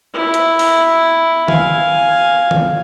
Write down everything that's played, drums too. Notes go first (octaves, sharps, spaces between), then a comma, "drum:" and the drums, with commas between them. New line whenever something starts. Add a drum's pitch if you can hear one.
E4
drum: hi-hat
drum: open hi-hat
F5 G#5, drum: tom D#3
drum: tom D#3